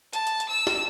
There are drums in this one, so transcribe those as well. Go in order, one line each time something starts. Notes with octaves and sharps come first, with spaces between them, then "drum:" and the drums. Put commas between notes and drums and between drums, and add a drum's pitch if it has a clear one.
A5, drum: hi-hat
drum: hi-hat
drum: hi-hat
E6
drum: snare